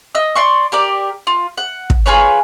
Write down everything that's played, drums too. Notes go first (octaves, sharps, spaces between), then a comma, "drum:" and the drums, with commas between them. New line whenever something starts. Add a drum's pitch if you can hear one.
D#5 E6
D5 C6 C#6
G4 A#4 D5
F4
F#5
drum: kick
F4 G#4 B4 C#5